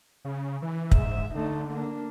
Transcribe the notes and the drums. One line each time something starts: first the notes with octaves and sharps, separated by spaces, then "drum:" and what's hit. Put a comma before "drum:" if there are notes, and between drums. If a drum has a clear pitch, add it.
C#3
E3
G#2 E5, drum: kick
D3 A3 D#4
A#3 D4